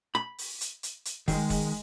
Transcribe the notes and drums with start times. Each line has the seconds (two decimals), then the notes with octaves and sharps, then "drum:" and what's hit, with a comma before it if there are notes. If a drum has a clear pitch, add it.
0.15 B5
0.38 drum: open hi-hat
0.61 drum: hi-hat
0.83 drum: hi-hat
1.05 drum: hi-hat
1.28 D#3 G#3, drum: kick, open hi-hat
1.50 drum: kick, open hi-hat